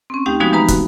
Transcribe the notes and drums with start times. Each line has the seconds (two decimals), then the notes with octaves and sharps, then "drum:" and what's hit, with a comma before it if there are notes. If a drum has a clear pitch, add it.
0.10 C4 C#4
0.26 D2 A3 D#4 G4 G5
0.40 C3 F3 G#3 B3 D#4 F#4
0.52 E3 G#3 D#4 B4 A#5 B5
0.68 F#4, drum: kick, hi-hat